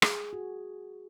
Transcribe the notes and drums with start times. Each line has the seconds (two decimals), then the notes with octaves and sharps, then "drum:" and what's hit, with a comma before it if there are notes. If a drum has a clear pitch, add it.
0.02 G#4, drum: rim click
0.33 F#4